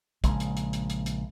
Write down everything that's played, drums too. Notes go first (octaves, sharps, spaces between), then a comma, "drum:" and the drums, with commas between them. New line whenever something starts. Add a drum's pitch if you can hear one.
A#1 C#3 G#3, drum: kick, hi-hat
drum: hi-hat
drum: hi-hat
drum: hi-hat
drum: hi-hat
drum: hi-hat